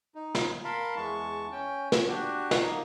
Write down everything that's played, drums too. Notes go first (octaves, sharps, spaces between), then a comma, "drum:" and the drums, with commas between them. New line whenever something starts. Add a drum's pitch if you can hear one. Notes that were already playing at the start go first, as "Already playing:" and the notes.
D#4
drum: snare
A#4 F5 A5 B5 C6
E2 E3 G#3 A5 C#6
C#4 G5
drum: snare
D4 F#4 G4
drum: snare
A#3 D#4